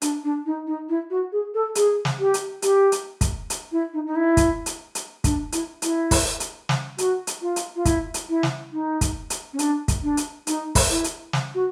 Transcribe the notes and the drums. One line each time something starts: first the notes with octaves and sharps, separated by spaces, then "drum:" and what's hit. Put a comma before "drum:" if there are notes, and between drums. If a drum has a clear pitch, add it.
D4, drum: hi-hat
D4
D#4
D#4
E4
F#4
G#4
A4
G#4, drum: hi-hat
drum: snare
G4
drum: hi-hat
G4, drum: hi-hat
drum: hi-hat
drum: kick, hi-hat
drum: hi-hat
E4
D#4
D#4
E4
drum: kick, hi-hat
drum: hi-hat
drum: hi-hat
D4, drum: kick, hi-hat
E4, drum: hi-hat
E4, drum: hi-hat
drum: kick, open hi-hat
drum: hi-hat
drum: snare
F#4, drum: hi-hat
drum: hi-hat
F4
drum: hi-hat
F4
E4, drum: kick, hi-hat
drum: hi-hat
E4
drum: snare
D#4
drum: kick, hi-hat
drum: hi-hat
C#4
D4, drum: hi-hat
drum: kick, hi-hat
D4
drum: hi-hat
D#4, drum: hi-hat
drum: kick, open hi-hat
E4
drum: hi-hat
drum: snare
F#4